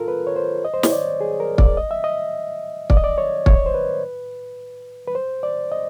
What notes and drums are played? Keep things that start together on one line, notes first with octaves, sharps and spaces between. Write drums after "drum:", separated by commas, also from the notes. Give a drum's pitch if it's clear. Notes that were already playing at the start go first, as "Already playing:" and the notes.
Already playing: F4 A4 A#4
B4
C#5
C5
D#5
C5
C#5, drum: snare
D5
G#4
A#4
D5, drum: kick
D#5
E5
D#5
D5, drum: kick
D#5
D5
C#5
C#5, drum: kick
C5
B4
B4
C5
D5
D#5